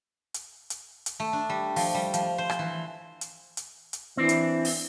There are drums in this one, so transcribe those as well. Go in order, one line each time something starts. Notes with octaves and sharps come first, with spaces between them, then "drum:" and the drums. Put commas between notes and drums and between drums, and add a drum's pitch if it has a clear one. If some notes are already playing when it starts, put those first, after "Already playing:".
drum: hi-hat
drum: hi-hat
drum: hi-hat
A3
D4
G3
F3, drum: open hi-hat
G3
F3, drum: hi-hat
C5
drum: rim click
E3
drum: hi-hat
drum: hi-hat
drum: hi-hat
E3 C4 D4
drum: hi-hat
drum: open hi-hat